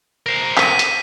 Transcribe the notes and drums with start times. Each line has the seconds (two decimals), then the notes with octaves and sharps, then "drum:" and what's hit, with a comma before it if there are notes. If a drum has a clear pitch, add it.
0.26 A#4 C5
0.57 B6 D#7, drum: clap
0.79 drum: hi-hat